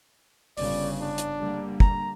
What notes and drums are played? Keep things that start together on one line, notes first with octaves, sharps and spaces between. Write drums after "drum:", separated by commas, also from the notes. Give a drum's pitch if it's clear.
G1 C#3 D5, drum: open hi-hat
D4
drum: hi-hat
D3 G3 A#3
A#5, drum: kick